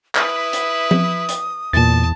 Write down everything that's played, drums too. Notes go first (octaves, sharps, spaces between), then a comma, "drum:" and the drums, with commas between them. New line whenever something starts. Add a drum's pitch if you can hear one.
E4 B4 D#6, drum: clap
drum: hi-hat
drum: tom F3
drum: hi-hat
E2 A#2 A5 A6